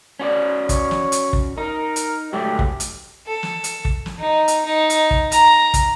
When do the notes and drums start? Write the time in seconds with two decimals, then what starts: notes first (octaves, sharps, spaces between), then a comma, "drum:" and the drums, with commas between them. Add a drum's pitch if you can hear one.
0.19 C#4 F#4 D5
0.69 C#5, drum: kick, hi-hat
0.91 drum: snare
1.12 drum: hi-hat
1.33 drum: kick
1.58 D#4 A#4
1.96 drum: hi-hat
2.33 G#2 F#3 A3 G4
2.59 drum: kick
2.80 drum: hi-hat
3.26 A4
3.43 drum: snare
3.64 drum: hi-hat
3.85 drum: kick
4.06 drum: snare
4.19 D#4
4.48 drum: hi-hat
4.65 D#4
4.90 drum: hi-hat
5.11 drum: kick
5.32 A#5, drum: hi-hat
5.74 drum: kick, hi-hat